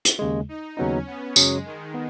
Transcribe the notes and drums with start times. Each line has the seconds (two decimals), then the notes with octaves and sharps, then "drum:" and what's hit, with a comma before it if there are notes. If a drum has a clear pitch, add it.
0.05 drum: hi-hat
0.19 D#2 C#3 G#3
0.49 D#4
0.77 D#2 C#3 F#3 B3 C#4 D#4
1.07 B3
1.36 F#2 C#3 F#3 G#3 C#4 G#4, drum: tambourine
1.65 D#3
1.94 B3